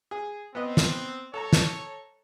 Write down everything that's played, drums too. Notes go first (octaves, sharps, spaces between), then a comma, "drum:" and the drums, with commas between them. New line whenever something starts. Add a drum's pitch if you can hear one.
G#4
B3 C4 B4 D#5
drum: snare
A4 C#5 A5 A#5
drum: snare